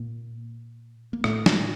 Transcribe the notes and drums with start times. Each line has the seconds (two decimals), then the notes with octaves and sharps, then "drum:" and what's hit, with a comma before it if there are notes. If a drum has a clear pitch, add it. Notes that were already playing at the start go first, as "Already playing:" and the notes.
Already playing: A#2 A#3
1.13 A#3
1.24 A2 A3, drum: rim click
1.46 drum: snare